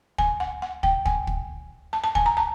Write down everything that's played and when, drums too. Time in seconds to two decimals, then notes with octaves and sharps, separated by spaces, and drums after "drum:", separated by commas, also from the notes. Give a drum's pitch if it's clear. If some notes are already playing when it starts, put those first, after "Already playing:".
0.18 G#5, drum: kick
0.40 F#5
0.62 F#5
0.83 G5, drum: kick
1.06 G#5, drum: kick
1.27 drum: kick
1.93 A5
2.04 A5
2.15 G#5, drum: kick
2.26 A#5
2.37 A5